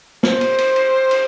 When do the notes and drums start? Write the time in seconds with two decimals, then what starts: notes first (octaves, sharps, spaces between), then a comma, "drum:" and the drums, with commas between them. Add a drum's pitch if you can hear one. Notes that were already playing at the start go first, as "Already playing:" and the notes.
0.23 C5, drum: snare
0.41 drum: cymbal
0.58 drum: cymbal
0.76 drum: cymbal
1.11 drum: cymbal